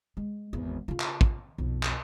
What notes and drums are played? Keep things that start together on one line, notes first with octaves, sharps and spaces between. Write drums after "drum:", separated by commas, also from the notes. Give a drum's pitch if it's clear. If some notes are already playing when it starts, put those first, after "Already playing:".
G#3
G#1 E2
C#3 F4
drum: clap
drum: kick
B1 F2
drum: clap